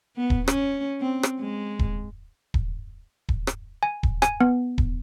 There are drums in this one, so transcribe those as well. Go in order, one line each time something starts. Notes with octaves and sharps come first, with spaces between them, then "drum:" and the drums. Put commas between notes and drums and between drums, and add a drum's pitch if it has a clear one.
B3
drum: kick D#1
C#4, drum: rim click
C4
drum: rim click
G#3
drum: kick D#1
drum: kick D#1
drum: kick D#1
drum: rim click
G#5
drum: kick D#1
G#5, drum: rim click
B3
drum: kick D#1